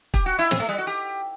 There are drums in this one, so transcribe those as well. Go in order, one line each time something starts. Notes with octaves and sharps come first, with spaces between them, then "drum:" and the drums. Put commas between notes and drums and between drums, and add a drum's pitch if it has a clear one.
G4, drum: kick
F#4
E4
C4, drum: snare
A3
G3
F#4
G4